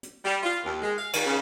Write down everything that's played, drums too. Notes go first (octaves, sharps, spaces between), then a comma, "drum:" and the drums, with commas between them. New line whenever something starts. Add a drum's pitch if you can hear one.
drum: hi-hat
G3
F4
D#2
G#3
F5
D#3, drum: cymbal
C#3